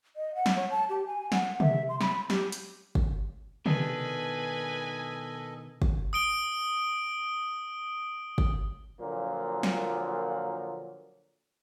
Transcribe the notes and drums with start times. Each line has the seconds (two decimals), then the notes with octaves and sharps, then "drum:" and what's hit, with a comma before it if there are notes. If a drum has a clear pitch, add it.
0.16 D#5
0.35 F#5
0.46 drum: snare
0.56 C#5
0.70 A5
0.89 G4
1.06 G#5
1.32 F#5, drum: snare
1.60 E5, drum: tom C3
1.89 C6
2.01 B5, drum: snare
2.30 G4, drum: snare
2.52 drum: hi-hat
2.95 drum: kick
3.66 B2 D#3 D4 A4 B4 D#5 G#5, drum: tom C3
5.82 drum: kick
6.13 D#6 D7 G7
8.38 drum: kick
9.00 A#2 D3 F3 F#3 A#3
9.63 drum: snare